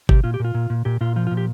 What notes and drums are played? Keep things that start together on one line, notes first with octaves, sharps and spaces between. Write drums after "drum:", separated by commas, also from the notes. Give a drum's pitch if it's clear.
C3 G4, drum: kick G1
A#2 F4
G4
A#2 F4
A#2
A#2
A#2 G4
A#2 F4
F3 F4
F4
A#2
G4